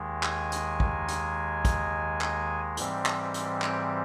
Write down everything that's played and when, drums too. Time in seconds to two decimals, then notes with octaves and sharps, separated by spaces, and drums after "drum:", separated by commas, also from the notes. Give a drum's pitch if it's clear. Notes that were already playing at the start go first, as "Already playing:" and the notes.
Already playing: D#2 D#3 G#3
0.23 G#5, drum: clap
0.52 drum: hi-hat
0.80 drum: kick
1.08 drum: hi-hat
1.65 drum: kick, hi-hat
2.21 drum: clap
2.77 G#2 E3 G3 C4, drum: hi-hat
3.06 drum: clap
3.34 drum: hi-hat
3.62 G5, drum: clap